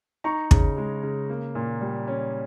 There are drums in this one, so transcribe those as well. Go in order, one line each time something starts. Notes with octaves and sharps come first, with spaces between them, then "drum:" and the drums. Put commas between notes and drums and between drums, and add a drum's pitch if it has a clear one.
D#4 A#5 C#6
C#3, drum: kick
G#3
C#3
A#3
A#2
G3
C#4